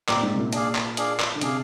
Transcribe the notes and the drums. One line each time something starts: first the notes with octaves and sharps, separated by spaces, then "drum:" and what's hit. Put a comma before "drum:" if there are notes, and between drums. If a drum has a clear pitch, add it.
A#2 C4 G4 A#4 D5, drum: clap
G#2
C3
A#2
D4 G#4 D5 F5, drum: hi-hat
drum: clap
D4 G#4 D5 F5, drum: hi-hat
drum: clap
D3
C3 D4 G#4 D5 F5, drum: hi-hat